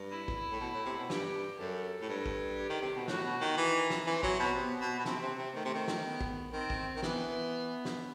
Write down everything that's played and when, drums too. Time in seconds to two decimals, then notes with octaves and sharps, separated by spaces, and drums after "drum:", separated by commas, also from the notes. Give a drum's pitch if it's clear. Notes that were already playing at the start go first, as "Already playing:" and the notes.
Already playing: G2
0.11 E4
0.28 drum: kick
0.51 A2
0.61 B2
0.73 A2
0.86 C3
0.98 B2
1.10 G2 G4, drum: snare
1.59 F#2 A4
2.01 A2
2.09 G2
2.26 drum: kick
2.59 G4
2.69 D#3
2.82 C3
2.95 B2
3.08 A2 F#4, drum: snare
3.24 B2
3.41 D#3
3.57 E3 D#4
3.90 drum: snare
4.07 E3 C4
4.23 F#3, drum: kick
4.39 B2
4.56 C3 B3
4.81 B2
4.99 B2
5.05 C3 C4, drum: snare
5.22 C3
5.38 C3
5.55 D#3 A3
5.65 C3
5.74 D#3
5.88 drum: snare
6.04 B3
6.21 drum: kick
6.53 D#3 C4
6.70 drum: kick
6.96 D#3
7.02 E3 B3, drum: snare
7.85 drum: snare